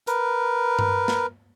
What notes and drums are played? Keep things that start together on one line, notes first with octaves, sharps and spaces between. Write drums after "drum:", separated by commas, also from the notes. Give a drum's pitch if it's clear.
A#4 B4, drum: hi-hat
drum: tom G2
drum: snare